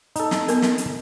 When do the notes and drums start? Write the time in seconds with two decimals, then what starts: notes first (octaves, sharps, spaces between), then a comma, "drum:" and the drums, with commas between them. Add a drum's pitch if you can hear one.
0.16 D#4 A4, drum: hi-hat
0.31 drum: snare
0.48 B3 A#4, drum: hi-hat
0.62 drum: snare
0.78 drum: hi-hat